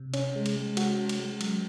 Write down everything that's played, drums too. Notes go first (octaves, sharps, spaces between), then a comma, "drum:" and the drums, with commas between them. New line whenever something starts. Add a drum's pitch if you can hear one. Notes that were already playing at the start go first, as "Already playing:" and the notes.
Already playing: C3
C#4, drum: cymbal
G#3
drum: cymbal
G#3
F#4, drum: cymbal
C#4
drum: cymbal
G#3
F#3, drum: cymbal